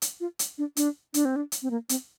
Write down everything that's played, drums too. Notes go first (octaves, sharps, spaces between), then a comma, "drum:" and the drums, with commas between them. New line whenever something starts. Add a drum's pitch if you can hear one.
drum: hi-hat
F4
drum: hi-hat
D4
D4, drum: hi-hat
D4, drum: hi-hat
C4
D4
drum: hi-hat
C4
A#3
C4, drum: hi-hat